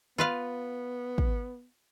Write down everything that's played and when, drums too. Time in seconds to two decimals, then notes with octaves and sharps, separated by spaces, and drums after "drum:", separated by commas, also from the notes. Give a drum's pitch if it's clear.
0.18 B3 F4 B4 F5
1.18 drum: kick